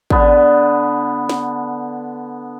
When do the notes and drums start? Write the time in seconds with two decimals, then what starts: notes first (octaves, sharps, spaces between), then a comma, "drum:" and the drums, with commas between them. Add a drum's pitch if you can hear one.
0.10 D3 B3, drum: kick A1
1.29 drum: snare